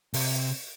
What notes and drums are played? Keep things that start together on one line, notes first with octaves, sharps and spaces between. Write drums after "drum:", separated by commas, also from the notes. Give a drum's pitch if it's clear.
C3, drum: open hi-hat